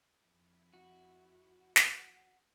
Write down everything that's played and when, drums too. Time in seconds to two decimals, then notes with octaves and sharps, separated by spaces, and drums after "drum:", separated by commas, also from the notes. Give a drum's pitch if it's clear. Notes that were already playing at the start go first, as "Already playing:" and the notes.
0.20 F2 E4
0.74 F#4
1.76 drum: snare